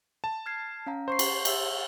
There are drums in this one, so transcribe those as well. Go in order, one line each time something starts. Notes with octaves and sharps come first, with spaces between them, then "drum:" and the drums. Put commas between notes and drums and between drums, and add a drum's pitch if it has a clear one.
A5
F6 G#6 C7
C#4 F5 A#5
C5 C6 C#6 C7
drum: cymbal
E5 E6, drum: cymbal